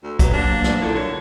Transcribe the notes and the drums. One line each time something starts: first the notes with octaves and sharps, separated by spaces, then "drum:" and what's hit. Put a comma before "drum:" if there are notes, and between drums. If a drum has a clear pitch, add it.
D2
F#3 G4 B4, drum: kick, hi-hat
F#3 A#3 D4
drum: snare
A#2 E4 A4 A#4
D3 C#5